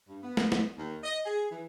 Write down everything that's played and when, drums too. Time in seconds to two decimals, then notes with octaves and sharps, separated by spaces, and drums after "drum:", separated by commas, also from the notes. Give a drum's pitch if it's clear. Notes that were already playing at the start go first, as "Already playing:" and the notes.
0.08 G2
0.23 B3
0.37 drum: snare
0.52 drum: snare
0.76 D#2
1.04 D#5
1.25 G#4
1.50 E3